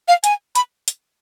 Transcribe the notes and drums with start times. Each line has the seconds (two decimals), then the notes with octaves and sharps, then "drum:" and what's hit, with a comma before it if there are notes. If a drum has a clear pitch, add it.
0.08 F5
0.24 G#5, drum: hi-hat
0.55 B5, drum: hi-hat
0.88 drum: hi-hat